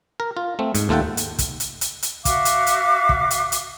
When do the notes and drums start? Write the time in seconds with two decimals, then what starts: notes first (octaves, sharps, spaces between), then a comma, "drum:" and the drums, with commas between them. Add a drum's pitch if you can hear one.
0.20 A#4
0.37 F4
0.59 A3 C4
0.75 G#2, drum: hi-hat
0.89 D#2 A3 F4 A4 F#5 G5
1.17 drum: hi-hat
1.39 drum: kick, hi-hat
1.60 drum: hi-hat
1.81 drum: hi-hat
2.03 drum: hi-hat
2.25 F#4 E5 F5 D6, drum: kick, hi-hat
2.45 drum: hi-hat
2.67 drum: hi-hat
3.09 drum: kick
3.31 drum: hi-hat
3.52 drum: hi-hat